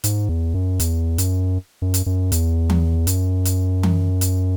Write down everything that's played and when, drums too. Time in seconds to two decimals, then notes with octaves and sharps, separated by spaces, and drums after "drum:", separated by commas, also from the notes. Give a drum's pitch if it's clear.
0.04 G#2, drum: hi-hat
0.29 E2
0.54 F#2
0.80 E2, drum: hi-hat
1.18 F#2, drum: hi-hat
1.82 F#2
1.94 drum: hi-hat
2.06 F#2
2.32 E2, drum: hi-hat
2.70 drum: tom E3
3.07 F#2, drum: hi-hat
3.45 drum: hi-hat
3.83 drum: tom E3
4.21 drum: hi-hat